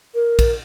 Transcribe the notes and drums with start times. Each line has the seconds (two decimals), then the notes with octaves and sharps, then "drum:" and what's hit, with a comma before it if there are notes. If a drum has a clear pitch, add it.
0.15 A#4
0.39 drum: kick, cymbal